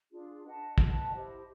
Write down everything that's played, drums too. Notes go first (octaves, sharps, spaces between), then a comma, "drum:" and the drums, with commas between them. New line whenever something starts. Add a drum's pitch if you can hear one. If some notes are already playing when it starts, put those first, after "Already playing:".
D4 F4 G#4
B4 D#5 F#5 A5
B4 D#5 F#5 A5, drum: kick
E4 G4 C5 D#5